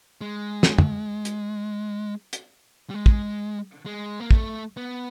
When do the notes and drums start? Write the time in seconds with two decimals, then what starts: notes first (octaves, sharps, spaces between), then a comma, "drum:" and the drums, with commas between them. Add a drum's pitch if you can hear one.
0.21 G#3
0.63 drum: snare
0.78 drum: tom
1.25 drum: hi-hat
2.33 drum: hi-hat
2.90 G3
2.94 G#3
3.06 drum: kick
3.86 G#3
4.20 A#3
4.31 A3, drum: kick
4.77 B3